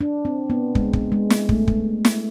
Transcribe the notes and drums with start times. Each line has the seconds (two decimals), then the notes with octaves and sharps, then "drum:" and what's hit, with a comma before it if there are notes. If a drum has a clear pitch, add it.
0.01 D4
0.25 C4
0.50 B3
0.75 G#3, drum: kick
0.93 drum: kick
1.12 G#3
1.30 drum: snare
1.49 A3, drum: kick
1.67 drum: kick
2.05 drum: snare